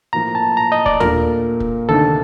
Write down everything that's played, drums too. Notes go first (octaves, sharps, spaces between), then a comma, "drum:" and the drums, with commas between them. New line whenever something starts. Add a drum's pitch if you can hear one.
A2 F3 A#3 A#5
A5
A#5
D#5
D5, drum: kick
A#2 A3 D4 A#4, drum: tom D#2
drum: kick
D2 C3 D#3 A3 D4 A4